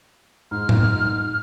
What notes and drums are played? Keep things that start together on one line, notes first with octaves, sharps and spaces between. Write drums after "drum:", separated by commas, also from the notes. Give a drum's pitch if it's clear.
G#2 F6
drum: tom A2